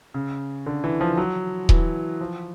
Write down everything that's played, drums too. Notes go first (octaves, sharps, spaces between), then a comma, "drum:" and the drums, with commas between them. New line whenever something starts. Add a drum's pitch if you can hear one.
C#3
D3
E3
F3
F#3
E3, drum: kick D#1
F3